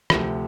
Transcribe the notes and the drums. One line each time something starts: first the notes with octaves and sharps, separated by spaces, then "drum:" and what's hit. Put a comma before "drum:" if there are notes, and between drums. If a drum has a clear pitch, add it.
D2 C3 F3, drum: rim click